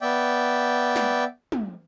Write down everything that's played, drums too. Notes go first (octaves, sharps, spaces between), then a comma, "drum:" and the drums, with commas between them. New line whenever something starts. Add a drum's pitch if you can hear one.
B3 D5 E5 G5
drum: snare
drum: tom